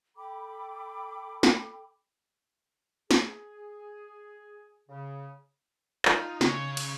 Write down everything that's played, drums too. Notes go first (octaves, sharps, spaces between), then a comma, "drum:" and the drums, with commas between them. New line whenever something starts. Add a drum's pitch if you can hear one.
A4 G5 B5 D6
drum: snare
G#4, drum: snare
C#3
D#4 F4, drum: clap
C#3 C#5, drum: snare
drum: cymbal